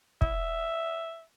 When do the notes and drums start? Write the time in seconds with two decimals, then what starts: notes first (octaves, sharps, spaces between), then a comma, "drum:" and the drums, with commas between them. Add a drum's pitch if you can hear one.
0.22 E5, drum: kick